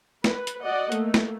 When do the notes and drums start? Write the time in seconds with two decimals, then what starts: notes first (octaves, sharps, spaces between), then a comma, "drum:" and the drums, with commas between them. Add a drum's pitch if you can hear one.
0.24 B4, drum: snare
0.47 drum: hi-hat
0.61 F#4 D5 D#5 F#5
0.92 A3 A#3, drum: hi-hat
1.14 drum: snare